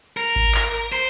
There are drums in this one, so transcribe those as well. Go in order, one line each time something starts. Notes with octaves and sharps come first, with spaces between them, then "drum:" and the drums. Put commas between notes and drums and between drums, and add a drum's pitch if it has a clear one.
A#4
drum: kick G#1
drum: clap
C5